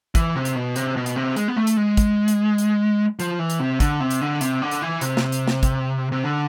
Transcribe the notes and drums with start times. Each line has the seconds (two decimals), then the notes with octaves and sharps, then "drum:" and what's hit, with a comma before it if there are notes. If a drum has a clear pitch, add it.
0.15 E3, drum: kick, hi-hat
0.36 C3
0.45 drum: hi-hat
0.56 B2
0.76 C3, drum: hi-hat
0.97 B2
1.06 drum: hi-hat
1.16 C3
1.36 G#3, drum: hi-hat
1.48 B3
1.57 A3
1.67 drum: hi-hat
1.77 G#3
1.97 drum: kick, hi-hat
2.28 drum: hi-hat
2.58 drum: hi-hat
3.20 F3, drum: hi-hat
3.39 E3
3.50 drum: hi-hat
3.60 C3
3.80 D3, drum: kick, hi-hat
4.00 C3
4.11 drum: hi-hat
4.21 D3
4.41 C3, drum: hi-hat
4.62 D3
4.71 drum: hi-hat
4.82 E3
5.01 C3, drum: hi-hat
5.17 drum: snare
5.32 drum: hi-hat
5.48 drum: snare
5.63 drum: kick, hi-hat
6.12 C3
6.24 D3